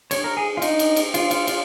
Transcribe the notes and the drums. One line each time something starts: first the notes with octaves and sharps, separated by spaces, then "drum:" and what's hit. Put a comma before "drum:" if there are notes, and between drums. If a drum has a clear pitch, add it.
C#5, drum: cymbal
A#4
G#4
F4
D#4, drum: cymbal
drum: cymbal
drum: cymbal
F4, drum: cymbal
F4, drum: cymbal
F4, drum: cymbal